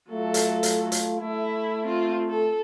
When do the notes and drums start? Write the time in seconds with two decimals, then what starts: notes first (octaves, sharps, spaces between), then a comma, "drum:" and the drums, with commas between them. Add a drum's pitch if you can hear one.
0.11 F#3 A3 F4 A4
0.34 drum: hi-hat
0.63 drum: hi-hat
0.92 drum: hi-hat
1.20 A3 E4
1.84 C4 F4
2.30 A4